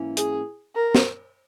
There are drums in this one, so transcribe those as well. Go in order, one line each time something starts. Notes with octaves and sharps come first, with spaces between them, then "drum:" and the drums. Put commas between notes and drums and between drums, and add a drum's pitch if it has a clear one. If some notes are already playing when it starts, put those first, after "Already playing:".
Already playing: G#2 E3 A#3 C#4
G#4, drum: hi-hat
A#4
drum: snare